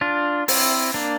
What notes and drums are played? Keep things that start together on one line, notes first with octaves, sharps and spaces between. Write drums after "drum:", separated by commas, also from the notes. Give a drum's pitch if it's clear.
D4 F4
C4 E4, drum: open hi-hat
A#3 D4